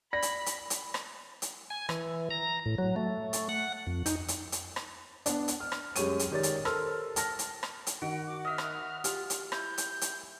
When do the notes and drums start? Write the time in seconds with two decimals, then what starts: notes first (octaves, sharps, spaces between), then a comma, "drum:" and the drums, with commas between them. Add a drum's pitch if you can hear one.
0.13 D5 B5 A#6
0.22 drum: hi-hat
0.46 drum: hi-hat
0.70 drum: hi-hat
0.94 drum: rim click
1.42 drum: hi-hat
1.70 G#5
1.89 E3, drum: rim click
2.31 A#5
2.66 A2
2.78 F#3
2.96 A3
3.33 drum: hi-hat
3.49 F#5
3.87 F2
4.06 D#4, drum: hi-hat
4.28 drum: hi-hat
4.52 drum: hi-hat
4.76 drum: rim click
5.26 B3 D4, drum: hi-hat
5.48 drum: hi-hat
5.60 F6
5.72 drum: rim click
5.96 F#2 G#3 G4 C#5 C#6 D#7, drum: hi-hat
6.19 drum: hi-hat
6.31 D#3 G4 G#4 C#5 D5 A6
6.43 drum: hi-hat
6.65 A4 A#4 C5 C6 E6 F6, drum: rim click
7.16 A5 F6 A#6, drum: hi-hat
7.39 drum: hi-hat
7.63 drum: rim click
7.87 drum: hi-hat
8.02 D#3 F#4 D7
8.27 D6
8.45 D#5 E5 F6
8.58 drum: rim click
9.04 F4 G4, drum: hi-hat
9.30 drum: hi-hat
9.52 E4 G6, drum: rim click
9.78 drum: hi-hat
10.01 drum: hi-hat